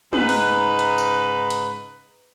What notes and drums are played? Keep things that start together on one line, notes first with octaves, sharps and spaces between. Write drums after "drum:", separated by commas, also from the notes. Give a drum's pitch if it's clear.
G#2 C#3 D#4 B4, drum: tom
drum: open hi-hat
drum: hi-hat
drum: tambourine
drum: hi-hat